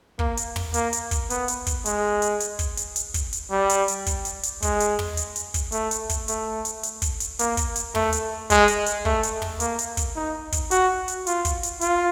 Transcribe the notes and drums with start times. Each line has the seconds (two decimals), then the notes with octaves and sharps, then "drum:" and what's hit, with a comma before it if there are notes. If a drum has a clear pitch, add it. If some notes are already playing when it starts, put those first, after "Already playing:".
0.19 A#3, drum: kick
0.37 drum: hi-hat
0.56 drum: tom
0.74 A#3, drum: hi-hat
0.93 drum: hi-hat
1.11 drum: kick, hi-hat
1.30 B3, drum: hi-hat
1.48 drum: hi-hat
1.66 drum: kick, hi-hat
1.86 G#3, drum: hi-hat
2.22 drum: hi-hat
2.40 drum: hi-hat
2.59 drum: kick, hi-hat
2.77 drum: hi-hat
2.96 drum: hi-hat
3.14 drum: kick, hi-hat
3.33 drum: hi-hat
3.51 G3
3.70 drum: hi-hat
3.88 drum: hi-hat
4.06 drum: kick, hi-hat
4.25 drum: hi-hat
4.43 drum: hi-hat
4.62 G#3, drum: kick, hi-hat
4.80 drum: hi-hat
4.99 drum: tom
5.17 drum: hi-hat
5.36 drum: hi-hat
5.54 drum: kick, hi-hat
5.72 A3, drum: hi-hat
5.91 drum: hi-hat
6.09 drum: kick, hi-hat
6.28 A3, drum: hi-hat
6.65 drum: hi-hat
6.83 drum: hi-hat
7.02 drum: kick, hi-hat
7.20 drum: hi-hat
7.39 A#3, drum: hi-hat
7.57 drum: kick, hi-hat
7.76 drum: hi-hat
7.95 A3, drum: tom
8.12 drum: hi-hat
8.50 G#3, drum: kick, hi-hat
8.68 drum: hi-hat
8.86 drum: hi-hat
9.05 A3, drum: kick
9.23 drum: hi-hat
9.42 drum: tom
9.60 A#3, drum: hi-hat
9.79 drum: hi-hat
9.97 drum: kick, hi-hat
10.16 D#4
10.52 drum: kick, hi-hat
10.71 F#4, drum: hi-hat
11.08 drum: hi-hat
11.27 F4, drum: hi-hat
11.45 drum: kick, hi-hat
11.63 drum: hi-hat
11.81 F4, drum: hi-hat